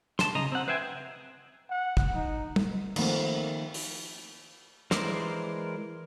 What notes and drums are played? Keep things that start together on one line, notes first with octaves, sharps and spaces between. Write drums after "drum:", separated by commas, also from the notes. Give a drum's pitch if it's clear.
A5 C6, drum: snare
C#3 D#5 A#5
C4 F#5
B4 C5 E5 G5 G#5
F#5
drum: kick
D#4
drum: tom
D#3 F3 A3 A#3 C4, drum: cymbal
drum: open hi-hat
E3 G#3 A#4 C5 D5, drum: snare